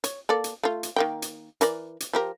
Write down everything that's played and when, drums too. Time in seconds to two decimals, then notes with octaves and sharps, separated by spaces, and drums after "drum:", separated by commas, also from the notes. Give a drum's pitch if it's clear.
0.04 C#5, drum: hi-hat
0.29 A#3 A4 D5
0.44 drum: hi-hat
0.63 A3 F4
0.83 drum: hi-hat
0.96 D#3 A#3 G5
1.22 drum: hi-hat
1.61 E3 A#4 D5, drum: hi-hat
2.00 drum: hi-hat
2.13 F3 G4 A#4